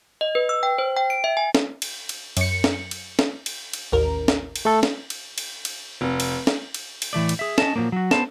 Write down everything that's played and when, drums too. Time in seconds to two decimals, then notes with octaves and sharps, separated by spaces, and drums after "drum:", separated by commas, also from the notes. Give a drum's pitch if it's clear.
0.21 D#5
0.35 B4
0.49 E6
0.63 G5
0.78 C5
0.97 G5
1.10 D7
1.24 E5
1.37 G#5
1.55 drum: snare
1.82 drum: cymbal
2.09 drum: cymbal
2.37 F#2 C#7, drum: cymbal
2.64 drum: snare
2.91 drum: cymbal
3.19 drum: snare
3.46 drum: cymbal
3.73 drum: cymbal
3.92 A1 D#2 A#4
4.28 drum: snare
4.56 drum: cymbal
4.65 A3 A4
4.83 drum: snare
5.10 drum: cymbal
5.38 drum: cymbal
5.65 drum: cymbal
6.01 F1
6.20 drum: cymbal
6.47 drum: snare
6.74 drum: cymbal
7.02 drum: cymbal
7.13 A2 E3 A3 D5
7.29 drum: cymbal
7.39 G#4 E5
7.58 C#4 D#5 A5, drum: snare
7.76 A#2 D#3 F3 F#3 A#3
7.92 F#3 F#4
8.11 B3 C5 A5, drum: snare